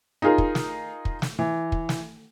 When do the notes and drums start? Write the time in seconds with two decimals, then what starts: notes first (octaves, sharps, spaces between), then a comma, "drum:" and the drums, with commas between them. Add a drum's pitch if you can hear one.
0.22 D#4 F4 G#4 A#4
0.38 drum: kick
0.55 drum: snare
1.05 drum: kick
1.22 drum: snare
1.39 E3
1.72 drum: kick
1.89 drum: snare